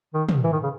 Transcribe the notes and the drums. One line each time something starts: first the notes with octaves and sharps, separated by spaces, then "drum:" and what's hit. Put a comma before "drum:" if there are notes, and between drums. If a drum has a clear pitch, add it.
D#3
drum: tom
E3
D#3
C#3